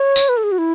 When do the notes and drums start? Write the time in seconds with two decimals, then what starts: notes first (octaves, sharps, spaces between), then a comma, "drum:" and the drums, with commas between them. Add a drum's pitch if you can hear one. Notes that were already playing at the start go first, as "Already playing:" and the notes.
Already playing: C#5
0.16 drum: tambourine
0.29 B4
0.37 A4
0.44 G#4
0.52 F#4
0.58 E4